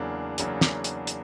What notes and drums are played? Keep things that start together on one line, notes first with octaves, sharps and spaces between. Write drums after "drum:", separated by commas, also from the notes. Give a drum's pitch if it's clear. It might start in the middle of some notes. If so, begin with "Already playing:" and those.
Already playing: E2 C#3 F#3 A#3 D4
E2 C#3 F#3 A#3 D4, drum: hi-hat
drum: snare
drum: hi-hat
drum: hi-hat